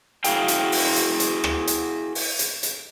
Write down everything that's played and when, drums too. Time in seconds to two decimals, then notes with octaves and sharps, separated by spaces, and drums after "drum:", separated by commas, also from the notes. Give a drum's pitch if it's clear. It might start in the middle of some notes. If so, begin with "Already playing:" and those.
0.24 E4 F#4 G#4 F5 G5, drum: hi-hat
0.48 drum: hi-hat
0.72 drum: open hi-hat
0.96 drum: hi-hat
1.20 drum: hi-hat
1.44 drum: rim click
1.67 drum: hi-hat
2.15 drum: open hi-hat
2.39 drum: hi-hat
2.63 drum: hi-hat